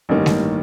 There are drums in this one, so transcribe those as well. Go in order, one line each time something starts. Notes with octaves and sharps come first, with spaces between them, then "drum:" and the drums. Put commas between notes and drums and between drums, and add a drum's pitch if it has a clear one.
A1 G2 D#3 A#3
drum: snare G#3